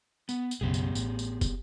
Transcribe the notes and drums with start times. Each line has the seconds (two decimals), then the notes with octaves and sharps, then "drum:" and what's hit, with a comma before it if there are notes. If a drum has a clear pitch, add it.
0.29 B3, drum: tambourine
0.51 drum: tambourine
0.61 B1 F#2 C#3 B3 G4 G#4
0.74 drum: tambourine
0.95 A1, drum: tambourine
1.19 drum: tambourine
1.41 drum: kick, tambourine